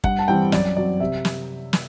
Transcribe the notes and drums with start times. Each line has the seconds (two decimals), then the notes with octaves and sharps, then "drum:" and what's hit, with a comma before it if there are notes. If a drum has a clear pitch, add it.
0.04 G2 F#5, drum: kick
0.19 A5
0.28 E3 G3 C4 G5
0.52 F#2 D5, drum: snare
0.77 F#3 C4 D5
1.00 C3 E5
1.25 drum: snare
1.73 drum: snare